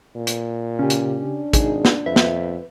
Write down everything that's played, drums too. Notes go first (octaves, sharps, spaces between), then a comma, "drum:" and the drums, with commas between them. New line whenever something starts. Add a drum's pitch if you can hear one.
A#2
drum: hi-hat
C#3 C#4 G4
drum: hi-hat
D4
G#1 D#4 G#4, drum: kick, hi-hat
drum: snare
F2 B4 E5
drum: snare